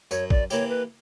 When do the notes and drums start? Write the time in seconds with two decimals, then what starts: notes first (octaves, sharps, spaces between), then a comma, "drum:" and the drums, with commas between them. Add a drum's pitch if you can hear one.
0.11 F#2 C#5, drum: tambourine
0.30 D5, drum: kick
0.50 E3 A#3 E4 G4 C#5, drum: tambourine
0.69 B4